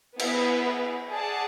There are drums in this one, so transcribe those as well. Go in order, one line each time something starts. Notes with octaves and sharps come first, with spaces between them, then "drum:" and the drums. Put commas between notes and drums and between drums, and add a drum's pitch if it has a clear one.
B3 E4 G#4 B4, drum: cymbal
G#4 D5 F#5 A5